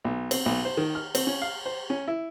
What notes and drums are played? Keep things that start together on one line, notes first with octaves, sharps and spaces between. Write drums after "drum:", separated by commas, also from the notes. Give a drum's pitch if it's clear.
B1
C4, drum: cymbal
B1
C5
D#3
F6
C4, drum: cymbal
C#4
F5
C5
C#4
E4